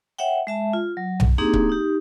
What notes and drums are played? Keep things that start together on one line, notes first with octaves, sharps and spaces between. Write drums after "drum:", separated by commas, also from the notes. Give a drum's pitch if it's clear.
C#5 E5 F#5 G5
G#3 E5 A5
F4
F#3
drum: tom B1
A#3 C4 D4 D#4 G4 G#4
drum: kick C#1
D#4 G4